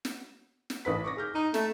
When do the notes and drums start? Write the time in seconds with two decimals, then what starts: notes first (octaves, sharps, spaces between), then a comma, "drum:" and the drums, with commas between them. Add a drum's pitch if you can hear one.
0.05 drum: snare
0.70 drum: snare
0.85 A1 B4 B6
1.04 C#6 D6 A#6
1.17 G#4 F6 G6
1.35 D#4 D#7
1.54 A3, drum: snare